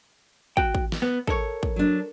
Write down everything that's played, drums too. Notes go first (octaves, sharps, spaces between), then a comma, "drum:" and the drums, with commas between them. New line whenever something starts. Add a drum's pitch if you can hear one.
F#4 G5, drum: kick
drum: kick
drum: snare
B3
A4 A#4 C#5, drum: kick
drum: kick
F#3 D4